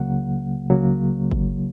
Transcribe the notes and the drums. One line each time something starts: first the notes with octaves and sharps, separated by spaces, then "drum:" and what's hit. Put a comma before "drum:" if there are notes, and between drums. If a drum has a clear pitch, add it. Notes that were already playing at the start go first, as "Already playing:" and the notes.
Already playing: C#2 C#3 F#3 A#3 F#5
C#2 C#3 F#3 A#3
drum: kick G1